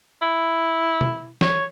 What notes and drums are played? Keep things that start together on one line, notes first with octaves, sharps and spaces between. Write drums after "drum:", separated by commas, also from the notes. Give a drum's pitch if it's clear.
E4
drum: tom B2
C#5, drum: snare